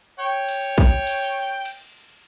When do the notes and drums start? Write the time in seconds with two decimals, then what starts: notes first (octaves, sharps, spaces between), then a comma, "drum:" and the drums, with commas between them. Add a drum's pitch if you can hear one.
0.19 C#5 G5
0.48 drum: cymbal
0.78 drum: kick
1.07 drum: cymbal
1.65 drum: cymbal